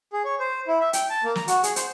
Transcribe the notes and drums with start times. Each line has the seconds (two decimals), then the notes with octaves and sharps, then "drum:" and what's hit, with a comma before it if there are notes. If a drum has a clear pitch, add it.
0.13 G#4
0.25 C#5
0.40 C5
0.68 E4
0.80 E5
0.93 G5, drum: hi-hat
1.10 A5
1.24 A#3
1.35 A#5, drum: snare
1.48 F#4, drum: hi-hat
1.63 G#4, drum: hi-hat
1.76 C5, drum: hi-hat